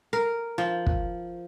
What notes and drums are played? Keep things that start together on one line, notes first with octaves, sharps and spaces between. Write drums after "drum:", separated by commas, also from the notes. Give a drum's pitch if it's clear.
A#4
F3
drum: kick